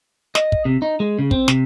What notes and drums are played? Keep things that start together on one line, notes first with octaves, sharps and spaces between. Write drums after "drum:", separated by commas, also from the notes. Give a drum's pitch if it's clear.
D#5, drum: snare
drum: kick
C3
D#4
G#3
C#3
C4, drum: kick
C3, drum: snare